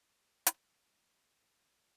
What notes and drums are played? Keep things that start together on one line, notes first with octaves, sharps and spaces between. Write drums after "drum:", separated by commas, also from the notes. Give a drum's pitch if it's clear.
A#3 E7
drum: hi-hat
E3 F3 G3 F6
E7
A#4 D5
A3 F#4 C#5 E5 C#6 D6